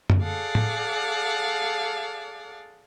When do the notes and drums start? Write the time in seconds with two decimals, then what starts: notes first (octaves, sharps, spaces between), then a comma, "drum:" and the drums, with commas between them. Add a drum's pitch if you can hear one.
0.10 drum: tom
0.21 G#4 A4 D5 F5 F#5
0.55 drum: tom A2